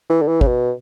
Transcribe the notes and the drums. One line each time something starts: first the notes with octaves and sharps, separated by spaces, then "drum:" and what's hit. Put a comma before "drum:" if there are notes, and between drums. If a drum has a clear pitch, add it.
E3
D3
E3
C#3, drum: kick
B2